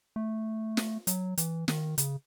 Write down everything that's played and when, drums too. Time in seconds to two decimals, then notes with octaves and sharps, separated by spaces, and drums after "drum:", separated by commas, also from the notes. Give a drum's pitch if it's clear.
0.16 A3
0.77 drum: snare
1.07 F#3, drum: hi-hat
1.38 E3, drum: hi-hat
1.68 D#3, drum: snare
1.98 C#3, drum: hi-hat